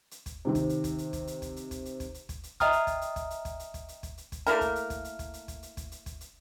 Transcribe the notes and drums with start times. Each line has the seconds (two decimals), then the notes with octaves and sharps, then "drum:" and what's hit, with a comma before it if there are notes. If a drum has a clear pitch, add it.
0.11 drum: hi-hat
0.26 drum: kick, hi-hat
0.45 C3 D#3 C4
0.55 drum: kick, hi-hat
0.69 drum: hi-hat
0.84 drum: kick, hi-hat
0.98 drum: hi-hat
1.13 drum: kick, hi-hat
1.27 drum: hi-hat
1.42 drum: kick, hi-hat
1.56 drum: hi-hat
1.71 drum: kick, hi-hat
1.85 drum: hi-hat
2.00 drum: kick, hi-hat
2.14 drum: hi-hat
2.29 drum: kick, hi-hat
2.43 drum: hi-hat
2.60 D#5 E5 G5 A#5 D#6 F6, drum: kick, hi-hat
2.72 drum: hi-hat
2.87 drum: kick, hi-hat
3.01 drum: hi-hat
3.16 drum: kick, hi-hat
3.30 drum: hi-hat
3.45 drum: kick, hi-hat
3.59 drum: hi-hat
3.74 drum: kick, hi-hat
3.89 drum: hi-hat
4.03 drum: kick, hi-hat
4.18 drum: hi-hat
4.32 drum: kick, hi-hat
4.47 A3 A#3 E4 A#4, drum: hi-hat
4.61 drum: kick, hi-hat
4.76 drum: hi-hat
4.90 drum: kick, hi-hat
5.05 drum: hi-hat
5.19 drum: kick, hi-hat
5.34 drum: hi-hat
5.48 drum: kick, hi-hat
5.63 drum: hi-hat
5.77 drum: kick, hi-hat
5.92 drum: hi-hat
6.06 drum: kick, hi-hat
6.21 drum: hi-hat